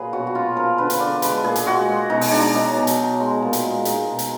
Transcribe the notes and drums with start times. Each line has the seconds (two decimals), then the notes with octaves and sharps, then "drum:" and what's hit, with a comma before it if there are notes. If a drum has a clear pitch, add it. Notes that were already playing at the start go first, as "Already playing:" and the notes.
Already playing: A#2 F#3 G#4 B4
0.13 B2 F#4
0.27 F#4
0.35 F#3 F4
0.56 F3 A#4
0.78 D3 B4
0.90 drum: hi-hat
1.00 D3 D5
1.22 G#3 B4, drum: hi-hat
1.44 A#2 G#4
1.56 drum: hi-hat
1.67 G#3 F#4
1.88 G#3
2.10 B2 D#4
2.21 drum: open hi-hat
2.32 G#3 D4
2.54 F#3 D#4
2.77 B2
2.87 drum: hi-hat
2.98 F#3
3.20 G#3
3.42 A#2
3.53 drum: hi-hat
3.64 G#3
3.85 G#3 D#4, drum: hi-hat
4.08 B2
4.19 drum: hi-hat